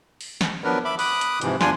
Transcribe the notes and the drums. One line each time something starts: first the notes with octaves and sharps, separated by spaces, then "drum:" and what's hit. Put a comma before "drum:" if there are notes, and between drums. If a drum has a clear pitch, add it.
drum: open hi-hat
drum: snare
F3 F#3 B3 D4 A#4 B4
E5 B5 D6
B5 D6 D#6 F#6, drum: open hi-hat
drum: hi-hat
G#2 C3 E3 F3, drum: hi-hat
E2 D4 F4 G#5 C6, drum: snare